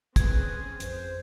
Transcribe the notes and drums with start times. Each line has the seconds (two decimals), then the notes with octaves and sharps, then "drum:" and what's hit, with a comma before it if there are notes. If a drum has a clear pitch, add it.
0.16 C4 C#4 G#4 B4 G#6, drum: kick, hi-hat
0.80 F2 C5, drum: hi-hat